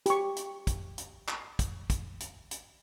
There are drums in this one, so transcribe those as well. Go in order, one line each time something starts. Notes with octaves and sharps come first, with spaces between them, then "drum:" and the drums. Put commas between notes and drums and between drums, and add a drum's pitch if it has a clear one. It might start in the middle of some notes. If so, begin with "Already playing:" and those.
G4 C#6, drum: hi-hat
drum: hi-hat
drum: kick, hi-hat
drum: hi-hat
drum: clap
drum: kick, hi-hat
drum: kick, hi-hat
drum: hi-hat
drum: hi-hat